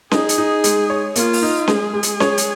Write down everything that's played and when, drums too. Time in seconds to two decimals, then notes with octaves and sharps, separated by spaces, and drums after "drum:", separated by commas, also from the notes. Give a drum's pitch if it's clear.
0.11 D#4 G#4, drum: snare C#4
0.29 drum: hi-hat
0.38 D#4
0.64 G#3, drum: hi-hat
0.90 C#5
1.15 A#3 F4, drum: hi-hat
1.33 drum: open hi-hat
1.42 D#4
1.68 G#3 G#4, drum: snare C#4
1.93 G#3
2.03 drum: hi-hat
2.20 C#5, drum: snare C#4
2.38 drum: hi-hat